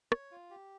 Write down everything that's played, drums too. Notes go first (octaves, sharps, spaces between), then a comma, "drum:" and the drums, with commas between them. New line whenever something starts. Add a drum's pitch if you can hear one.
C#5, drum: rim click
F4
G4